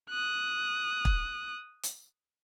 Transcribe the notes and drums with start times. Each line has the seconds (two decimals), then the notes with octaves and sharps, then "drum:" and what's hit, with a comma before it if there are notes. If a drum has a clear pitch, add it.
0.10 D#6 F#6
1.05 drum: kick
1.83 drum: hi-hat